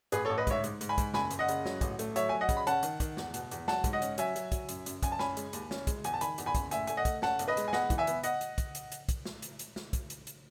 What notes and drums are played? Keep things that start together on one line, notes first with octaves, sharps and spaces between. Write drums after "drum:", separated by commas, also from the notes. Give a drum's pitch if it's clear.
A1 G#4 B4, drum: hi-hat
A1 A4 C#5
B4 D#5
G#2 C#5 E5, drum: kick, hi-hat
G#2, drum: hi-hat
G#2, drum: hi-hat
G#5 B5
G#2, drum: kick, hi-hat
F#1 G#5 B5, drum: snare
F#1, drum: hi-hat
D#5 F#5
C#3, drum: hi-hat
F#3, drum: snare
A1, drum: kick, hi-hat
A3, drum: hi-hat
F#3 C#5 E5, drum: hi-hat
F#3 G#5
D#5 F#5
C#3, drum: kick, hi-hat
B5
C#4 F#5 A5, drum: hi-hat
D#3, drum: hi-hat
D#3, drum: kick, hi-hat
E2, drum: snare
B2, drum: hi-hat
E2, drum: hi-hat
F#3 F#5 A5, drum: snare
G#2, drum: kick, hi-hat
D#5 F#5
C#4, drum: hi-hat
F#3 E5 G#5, drum: hi-hat
F#3, drum: hi-hat
F#3, drum: kick, hi-hat
F#2, drum: hi-hat
F#2, drum: hi-hat
F#2 G#5, drum: kick, hi-hat
A5
C#4 G#5 B5, drum: snare
G#3, drum: hi-hat
D#2, drum: hi-hat
C#4, drum: snare
G#3, drum: kick, hi-hat
E2 G#5, drum: hi-hat
A5
D#3 G#5 B5, drum: hi-hat
E2, drum: hi-hat
G#5 B5
F#1, drum: kick, hi-hat
A2 E5 G#5, drum: hi-hat
A3 G#5, drum: hi-hat
D#5 F#5
A3, drum: kick, hi-hat
C#4 F#5 A5, drum: snare
B1, drum: hi-hat
B4 D#5
G#3, drum: hi-hat
G#5
B3 D#5 F#5, drum: snare
E3, drum: kick, hi-hat
E5 G#5
B3, drum: hi-hat
D#5 F#5, drum: hi-hat
drum: hi-hat
drum: kick, hi-hat
drum: hi-hat
drum: hi-hat
drum: kick, hi-hat
drum: snare
drum: hi-hat
drum: hi-hat
drum: snare
drum: kick, hi-hat
drum: hi-hat
drum: hi-hat